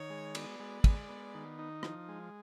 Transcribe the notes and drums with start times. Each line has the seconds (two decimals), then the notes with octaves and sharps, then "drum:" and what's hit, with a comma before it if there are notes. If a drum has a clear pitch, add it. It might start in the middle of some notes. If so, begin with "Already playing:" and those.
Already playing: D#3 C#5
0.10 G#3
0.35 B3 D5, drum: cymbal
0.60 G#3
0.84 G#3, drum: kick, cymbal
1.09 B3
1.34 D#3
1.59 D#4
1.83 F3, drum: rim click
2.09 G#3